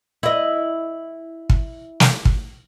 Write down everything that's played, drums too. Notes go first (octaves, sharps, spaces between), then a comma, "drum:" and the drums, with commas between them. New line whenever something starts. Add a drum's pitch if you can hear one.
E4 D#5
drum: kick
drum: snare
drum: kick